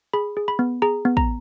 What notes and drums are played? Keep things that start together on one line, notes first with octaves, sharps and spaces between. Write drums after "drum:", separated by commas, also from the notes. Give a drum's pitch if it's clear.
G#4 B5
G#4
B5
B3
G#4 A#5
B3
A#5, drum: kick